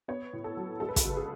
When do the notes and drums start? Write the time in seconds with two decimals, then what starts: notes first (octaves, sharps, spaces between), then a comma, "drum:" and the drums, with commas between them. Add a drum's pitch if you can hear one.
0.08 B3 C#5
0.33 A2
0.44 A4
0.57 F#3
0.80 G#3 A4
0.89 B4
0.96 A4, drum: kick, hi-hat
1.05 C#2
1.17 G#4